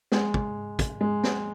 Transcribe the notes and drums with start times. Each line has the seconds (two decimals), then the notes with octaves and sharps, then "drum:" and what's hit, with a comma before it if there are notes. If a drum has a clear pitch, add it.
0.12 G#3, drum: snare
0.34 drum: kick
0.79 drum: kick, hi-hat
1.01 G#3
1.24 drum: snare